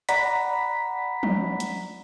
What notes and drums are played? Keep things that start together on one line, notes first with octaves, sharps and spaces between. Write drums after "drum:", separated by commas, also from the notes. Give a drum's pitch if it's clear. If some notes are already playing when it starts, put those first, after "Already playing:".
D5 F#5 A#5 B5 B6, drum: hi-hat
drum: tom F3
drum: hi-hat